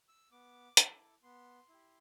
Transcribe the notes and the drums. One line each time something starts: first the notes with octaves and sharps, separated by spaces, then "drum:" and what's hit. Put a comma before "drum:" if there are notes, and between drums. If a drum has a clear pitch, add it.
E6
B3 D6
E4 A4, drum: hi-hat
B3 C6
E4 G4